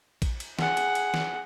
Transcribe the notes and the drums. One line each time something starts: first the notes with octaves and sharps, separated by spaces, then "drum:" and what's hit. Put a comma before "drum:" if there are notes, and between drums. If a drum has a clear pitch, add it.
drum: kick, cymbal
drum: cymbal
G#4 F#5, drum: snare
drum: cymbal
drum: cymbal
drum: snare